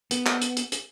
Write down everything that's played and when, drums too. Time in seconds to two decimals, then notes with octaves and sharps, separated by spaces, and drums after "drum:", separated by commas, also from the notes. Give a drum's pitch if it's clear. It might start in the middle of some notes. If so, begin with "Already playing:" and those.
0.11 B3, drum: hi-hat
0.26 drum: clap
0.42 drum: hi-hat
0.57 drum: hi-hat
0.72 drum: hi-hat